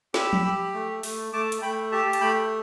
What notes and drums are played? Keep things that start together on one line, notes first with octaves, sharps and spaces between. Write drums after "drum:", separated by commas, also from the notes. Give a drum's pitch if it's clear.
G4 B5 E6, drum: snare
drum: tom F3
G4
A3
A3, drum: open hi-hat
A3 A5 D6
drum: hi-hat
A3 G5 B5
G4 E5 A5
A5, drum: hi-hat
A3 G5 B5